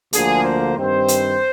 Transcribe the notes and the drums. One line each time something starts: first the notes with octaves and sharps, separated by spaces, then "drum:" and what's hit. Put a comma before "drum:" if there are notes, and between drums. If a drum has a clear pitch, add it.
D2 D3 F3 A#3 G#4, drum: hi-hat
C5
G2 D#3 G3 C4 C5
drum: hi-hat